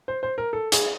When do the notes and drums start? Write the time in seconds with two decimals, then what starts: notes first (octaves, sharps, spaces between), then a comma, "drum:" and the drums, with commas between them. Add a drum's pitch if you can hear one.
0.08 C5
0.23 C5
0.38 A#4
0.53 A4
0.72 G#4, drum: hi-hat